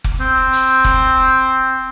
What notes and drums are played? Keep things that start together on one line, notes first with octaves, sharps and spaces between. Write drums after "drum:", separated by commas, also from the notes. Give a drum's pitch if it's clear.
drum: kick F1
C4
drum: hi-hat
drum: kick F1